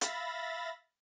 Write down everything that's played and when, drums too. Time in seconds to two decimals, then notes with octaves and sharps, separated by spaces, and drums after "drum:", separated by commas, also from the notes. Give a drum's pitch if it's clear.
0.01 E5 F5 B5 A6 A#6, drum: hi-hat